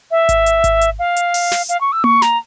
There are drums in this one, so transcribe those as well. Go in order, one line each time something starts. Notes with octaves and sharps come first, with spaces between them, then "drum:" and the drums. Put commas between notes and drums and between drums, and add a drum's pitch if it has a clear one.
E5
drum: kick G#1, hi-hat
drum: hi-hat
drum: kick G#1, hi-hat
drum: hi-hat
F5
drum: hi-hat
drum: open hi-hat
drum: snare
F5, drum: hi-hat
C#6
E6
C#6, drum: tom A#3
A#5, drum: snare